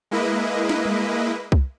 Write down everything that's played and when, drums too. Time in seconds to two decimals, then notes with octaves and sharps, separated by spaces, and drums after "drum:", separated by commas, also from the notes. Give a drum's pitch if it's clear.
0.11 G#3 A#3 E4 B4 D#5
0.69 drum: snare
0.85 drum: tom G3
1.52 drum: kick C2